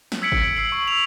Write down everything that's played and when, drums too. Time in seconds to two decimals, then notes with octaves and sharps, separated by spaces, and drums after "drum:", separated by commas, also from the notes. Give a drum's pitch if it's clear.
0.12 drum: snare
0.22 E6 G#6 B6 C#7 D7 F#7
0.32 drum: kick G1
0.57 E6 C7 F#7
0.72 C#6
0.88 E6 F7